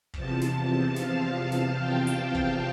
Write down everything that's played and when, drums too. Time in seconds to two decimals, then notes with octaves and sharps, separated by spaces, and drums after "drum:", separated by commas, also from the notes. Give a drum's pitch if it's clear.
0.14 E2 C3 F3 A5, drum: kick
0.41 drum: snare
0.96 F5, drum: snare
1.52 drum: snare
1.79 G5
2.07 drum: hi-hat
2.34 drum: kick